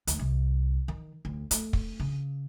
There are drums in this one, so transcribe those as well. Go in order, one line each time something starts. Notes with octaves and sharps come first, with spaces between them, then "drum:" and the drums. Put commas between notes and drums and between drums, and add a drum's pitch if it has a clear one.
D2, drum: hi-hat
C2
D#3
D2
A3, drum: hi-hat
drum: kick
C#3